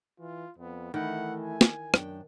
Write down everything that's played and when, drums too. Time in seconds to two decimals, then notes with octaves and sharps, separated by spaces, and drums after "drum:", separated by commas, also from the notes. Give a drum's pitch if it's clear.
0.20 E3 F4
0.58 F2 B3
0.94 D#3 E3 A3 F#5
1.40 G#5
1.61 drum: snare
1.94 F#2 D4 G5, drum: rim click